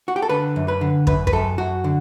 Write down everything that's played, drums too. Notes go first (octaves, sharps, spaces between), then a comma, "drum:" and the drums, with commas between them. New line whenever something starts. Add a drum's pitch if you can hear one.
F#4
G4
A4
D3 B4
F#2
B4
D3
F#2 B4, drum: kick
B4, drum: kick
F#2 A4
F#2 F#4
D3